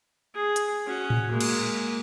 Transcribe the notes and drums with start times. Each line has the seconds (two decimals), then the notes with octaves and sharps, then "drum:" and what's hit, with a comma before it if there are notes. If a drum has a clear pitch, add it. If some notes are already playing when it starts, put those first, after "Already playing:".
0.35 G#4
0.56 drum: hi-hat
0.86 C#4 F#4
1.10 drum: tom A2
1.30 G#3 A#3
1.41 drum: cymbal